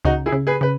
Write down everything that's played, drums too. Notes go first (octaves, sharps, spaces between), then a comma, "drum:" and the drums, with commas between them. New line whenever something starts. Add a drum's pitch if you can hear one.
C#3 D#4 F#4, drum: kick C#2
E4 G#4
C#3
G#4 B4
C#3 B4